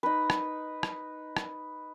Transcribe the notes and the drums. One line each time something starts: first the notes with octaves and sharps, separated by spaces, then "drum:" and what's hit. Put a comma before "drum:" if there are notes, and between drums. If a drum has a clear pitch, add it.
D#4 B4
drum: rim click
drum: rim click
drum: rim click